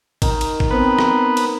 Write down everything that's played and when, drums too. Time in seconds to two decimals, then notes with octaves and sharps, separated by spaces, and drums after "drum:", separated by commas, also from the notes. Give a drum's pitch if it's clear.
0.22 D#3 D#4, drum: kick G#1, cymbal
0.41 drum: cymbal
0.60 drum: kick G#1
0.71 B3 C4
0.99 drum: rim click
1.37 drum: cymbal